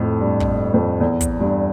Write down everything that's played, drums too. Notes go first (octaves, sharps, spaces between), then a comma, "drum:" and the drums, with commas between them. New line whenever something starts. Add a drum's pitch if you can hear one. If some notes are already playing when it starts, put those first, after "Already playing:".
Already playing: F2 A2
G2
drum: kick
F2
E2
drum: kick, hi-hat
G2